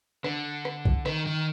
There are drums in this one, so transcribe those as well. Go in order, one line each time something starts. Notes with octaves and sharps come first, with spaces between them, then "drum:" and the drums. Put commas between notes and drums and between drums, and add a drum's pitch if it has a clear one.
D3, drum: rim click
drum: rim click
drum: kick
D#3, drum: rim click
D#3